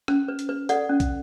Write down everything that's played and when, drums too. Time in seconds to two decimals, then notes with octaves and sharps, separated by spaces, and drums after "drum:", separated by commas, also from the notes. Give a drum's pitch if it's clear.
0.08 C#4, drum: rim click
0.28 B4
0.39 drum: hi-hat
0.49 B4
0.69 A4 D5 F#5, drum: hi-hat
0.89 C#4
1.00 drum: kick, hi-hat